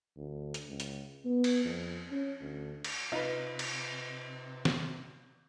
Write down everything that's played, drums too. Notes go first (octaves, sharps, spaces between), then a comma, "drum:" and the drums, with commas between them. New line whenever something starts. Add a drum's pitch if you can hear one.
D2
drum: hi-hat
C#2
drum: hi-hat
B3
drum: cymbal
F2
C#4
D2
drum: cymbal
C3 D#4 F4 B4
drum: cymbal
drum: snare